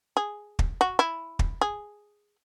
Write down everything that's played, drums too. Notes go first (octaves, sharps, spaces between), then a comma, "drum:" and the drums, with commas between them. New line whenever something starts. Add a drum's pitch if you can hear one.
G#4
drum: kick
F#4
E4
drum: kick
G#4